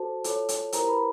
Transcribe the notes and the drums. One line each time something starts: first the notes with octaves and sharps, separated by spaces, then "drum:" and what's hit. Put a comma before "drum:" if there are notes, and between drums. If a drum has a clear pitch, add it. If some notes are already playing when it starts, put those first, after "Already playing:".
Already playing: F#4 A4 C5 A5
F4 A4 C#5, drum: hi-hat
drum: hi-hat
E4 G4 A#4 C5 A#5, drum: hi-hat
B4 B5